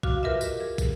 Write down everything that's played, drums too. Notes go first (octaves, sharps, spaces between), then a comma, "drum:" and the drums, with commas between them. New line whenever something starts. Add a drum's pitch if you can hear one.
F#4 F5 D6 F6, drum: kick
F4 G4 A#4 B4 D#5 E5
drum: tambourine
G#4
drum: kick, tambourine